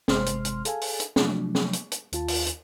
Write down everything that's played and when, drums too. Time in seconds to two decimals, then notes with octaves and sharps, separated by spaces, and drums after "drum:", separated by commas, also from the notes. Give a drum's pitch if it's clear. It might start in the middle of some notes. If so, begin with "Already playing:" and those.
0.08 G1 C3 G#3 C5 C6 F6, drum: snare
0.26 drum: hi-hat
0.45 drum: hi-hat
0.65 G#4 A4 F5 G#5, drum: hi-hat
0.81 drum: open hi-hat
1.00 drum: hi-hat
1.16 C3 F3 F#3 A3 D4, drum: snare
1.55 drum: snare
1.73 drum: hi-hat
1.92 drum: hi-hat
2.13 D#2 F4 A5, drum: hi-hat
2.28 drum: open hi-hat
2.47 drum: hi-hat